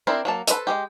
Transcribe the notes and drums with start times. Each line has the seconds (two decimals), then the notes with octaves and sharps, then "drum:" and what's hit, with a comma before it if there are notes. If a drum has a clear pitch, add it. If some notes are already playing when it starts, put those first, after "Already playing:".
0.07 C4 D4 E4 A#4 C5
0.25 F#3 A#3 A5
0.47 A4 B4 C5 D#5 E5, drum: hi-hat
0.67 G#3 A3 G4